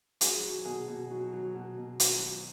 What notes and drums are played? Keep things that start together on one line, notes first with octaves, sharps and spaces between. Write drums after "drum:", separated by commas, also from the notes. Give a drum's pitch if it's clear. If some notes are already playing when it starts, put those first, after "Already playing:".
F#3 G#4, drum: hi-hat
F#3
B2 G#4
B2
F#3
F#3
B2
B2
F#3, drum: hi-hat
F#3